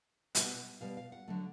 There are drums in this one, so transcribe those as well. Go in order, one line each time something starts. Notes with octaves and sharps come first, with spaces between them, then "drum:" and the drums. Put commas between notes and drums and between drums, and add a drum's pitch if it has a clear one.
B2 G3 F#5, drum: hi-hat
B2 G3 F5
F5
F#5
D3 F#3 A3